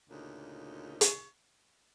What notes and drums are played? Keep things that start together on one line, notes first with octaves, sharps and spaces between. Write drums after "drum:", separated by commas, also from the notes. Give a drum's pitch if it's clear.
D2 A#2 C#3 D#4
drum: hi-hat